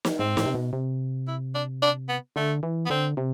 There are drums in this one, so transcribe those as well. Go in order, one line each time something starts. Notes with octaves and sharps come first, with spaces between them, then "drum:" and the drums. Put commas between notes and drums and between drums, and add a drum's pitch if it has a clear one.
drum: snare
G#2 C4
A2, drum: snare
C3
B2
C3
E4
D4
D4
B3
D3 A3
E3
B3
D3 C4
C3